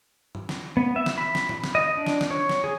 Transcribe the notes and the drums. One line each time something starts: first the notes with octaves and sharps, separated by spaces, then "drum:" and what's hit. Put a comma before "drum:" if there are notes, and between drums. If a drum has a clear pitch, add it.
drum: tom G2
drum: snare
B3
E5
drum: snare
B5
drum: snare
drum: tom
drum: snare
D#5
D4
drum: snare
drum: snare
C#5
drum: snare
G#4